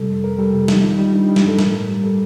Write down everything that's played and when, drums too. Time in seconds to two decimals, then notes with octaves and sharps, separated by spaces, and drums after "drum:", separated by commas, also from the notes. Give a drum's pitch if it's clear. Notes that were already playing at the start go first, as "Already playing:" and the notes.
Already playing: C3 G3 A4
0.09 F2
0.24 F2 A#4
0.39 G3 A4
0.53 C3 G4
0.68 G3 D#4, drum: snare
0.83 D#3 F4
0.98 G3 D#4
1.13 G3 D4
1.25 D#4
1.29 G3
1.36 G4, drum: snare
1.43 G2 A4
1.59 A2 A#4, drum: snare
1.74 A2
1.89 G3
2.03 G3 A4